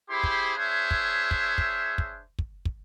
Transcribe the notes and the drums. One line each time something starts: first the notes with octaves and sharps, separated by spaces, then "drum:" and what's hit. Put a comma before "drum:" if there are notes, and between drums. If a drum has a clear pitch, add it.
E4 G4 G#4 C5 B5 C6
drum: kick
D4 G#4 C5 C#5 E5
drum: kick
drum: kick
drum: kick
drum: kick
drum: kick
drum: kick